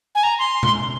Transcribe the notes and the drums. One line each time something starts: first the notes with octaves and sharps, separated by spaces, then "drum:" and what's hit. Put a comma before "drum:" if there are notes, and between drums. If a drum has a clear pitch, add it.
G#5
A#5
C6
drum: tom B2